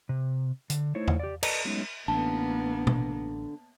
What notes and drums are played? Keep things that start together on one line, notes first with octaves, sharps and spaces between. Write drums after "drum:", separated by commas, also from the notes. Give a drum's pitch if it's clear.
C3
D3, drum: hi-hat
A3 D#4 E4 C5 C#5
drum: tom E2
G4 D5
A4 B4 D5 D#5 A5 A#5, drum: cymbal
F#3 G#3 A3 B3 C#4 D#4
A1 D3 A#3 B3 A5
drum: tom B2